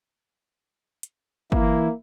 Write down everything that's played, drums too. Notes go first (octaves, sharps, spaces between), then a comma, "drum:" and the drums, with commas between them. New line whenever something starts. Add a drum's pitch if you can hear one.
drum: hi-hat
E3 A#3 E4, drum: kick